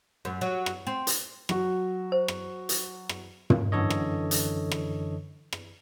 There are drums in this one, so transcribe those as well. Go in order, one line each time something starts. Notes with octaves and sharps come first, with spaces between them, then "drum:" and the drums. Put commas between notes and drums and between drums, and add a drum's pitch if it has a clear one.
F#2
F#3
drum: rim click
C4
drum: hi-hat
F#3 F#4, drum: rim click
C5
drum: rim click
drum: hi-hat
drum: rim click
drum: tom
F#2 D3 E3 A4 C#5 D#5
drum: rim click
drum: hi-hat
drum: rim click
drum: rim click